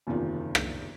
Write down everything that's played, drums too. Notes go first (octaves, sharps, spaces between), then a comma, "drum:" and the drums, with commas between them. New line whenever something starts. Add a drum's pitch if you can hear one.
F#1 E2 C3 D#3 F4
drum: rim click